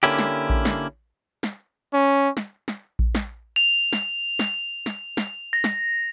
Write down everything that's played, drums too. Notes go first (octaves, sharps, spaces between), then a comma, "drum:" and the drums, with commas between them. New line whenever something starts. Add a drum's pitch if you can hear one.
D3 A#3 C#4 E4 G4
drum: snare
drum: kick A#1
drum: snare
drum: snare
C#4
drum: snare
drum: snare
drum: kick A#1
drum: snare
F7
drum: snare
drum: snare
drum: snare
drum: snare
A#6
drum: snare